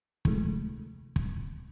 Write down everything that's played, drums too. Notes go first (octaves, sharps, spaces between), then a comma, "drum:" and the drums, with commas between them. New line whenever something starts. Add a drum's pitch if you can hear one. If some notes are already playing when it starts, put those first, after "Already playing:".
C3 D#3 F3 G#3 A3, drum: kick
drum: kick